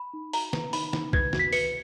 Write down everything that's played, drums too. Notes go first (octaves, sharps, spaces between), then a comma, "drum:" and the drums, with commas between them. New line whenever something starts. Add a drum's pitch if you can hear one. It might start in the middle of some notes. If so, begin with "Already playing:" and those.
Already playing: B5
D#4
F#4 A#5, drum: open hi-hat
B4, drum: snare
D#4 B5, drum: open hi-hat
D#4, drum: snare
B4 G#6, drum: kick C2
F#4, drum: snare
B6
B4 C#7, drum: open hi-hat